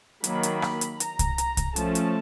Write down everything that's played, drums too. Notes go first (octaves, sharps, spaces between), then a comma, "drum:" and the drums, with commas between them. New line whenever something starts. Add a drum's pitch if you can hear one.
D#3 F#3 A#3 B5, drum: hi-hat
drum: hi-hat
drum: rim click
drum: hi-hat
A#5, drum: hi-hat
drum: kick C2, hi-hat
drum: hi-hat
drum: kick C2, hi-hat
F3 A3 C#4 A5, drum: hi-hat
drum: hi-hat